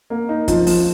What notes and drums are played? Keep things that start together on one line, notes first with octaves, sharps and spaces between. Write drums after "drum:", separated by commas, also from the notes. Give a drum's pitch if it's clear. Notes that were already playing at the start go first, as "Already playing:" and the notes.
A#3
D#4
F3, drum: kick, hi-hat
F3, drum: open hi-hat